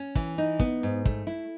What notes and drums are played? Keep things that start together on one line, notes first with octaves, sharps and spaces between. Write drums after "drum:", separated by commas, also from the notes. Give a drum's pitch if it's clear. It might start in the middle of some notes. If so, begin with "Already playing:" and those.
Already playing: C#4
E3, drum: kick
D#4
B3, drum: kick
G#2
A3, drum: kick
E4